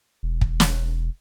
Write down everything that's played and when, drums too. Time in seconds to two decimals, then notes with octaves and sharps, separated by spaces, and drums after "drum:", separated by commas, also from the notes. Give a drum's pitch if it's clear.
0.23 E1
0.41 drum: kick
0.60 drum: snare